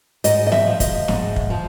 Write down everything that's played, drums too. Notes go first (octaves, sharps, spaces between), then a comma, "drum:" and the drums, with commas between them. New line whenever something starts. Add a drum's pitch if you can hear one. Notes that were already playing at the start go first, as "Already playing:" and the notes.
G#2 D#5, drum: hi-hat
D#5
E5, drum: snare
F3
D#5, drum: kick, hi-hat
G#2, drum: snare
drum: kick
F3